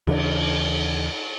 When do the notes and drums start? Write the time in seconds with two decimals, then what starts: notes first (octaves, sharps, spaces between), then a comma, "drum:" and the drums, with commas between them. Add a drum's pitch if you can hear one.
0.07 D#2 C#3 E3 D4, drum: cymbal